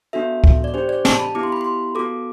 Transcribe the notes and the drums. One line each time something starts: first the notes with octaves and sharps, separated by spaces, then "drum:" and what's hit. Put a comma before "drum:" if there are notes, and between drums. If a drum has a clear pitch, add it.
B3 D4 F#4 A4 E5
drum: kick C#2
D5
D4 G4 C5
D5
A5, drum: snare
B5
B3 E4 G4 D6
C6
B5
C6
B3 F#4 A4 D6